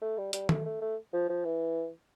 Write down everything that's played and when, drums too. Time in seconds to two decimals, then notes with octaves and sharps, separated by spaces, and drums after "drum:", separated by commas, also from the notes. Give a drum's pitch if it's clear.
0.02 A3
0.18 G3
0.33 G3, drum: hi-hat
0.49 A3, drum: tom
0.65 A3
0.81 A3
1.13 F3
1.29 F3
1.45 E3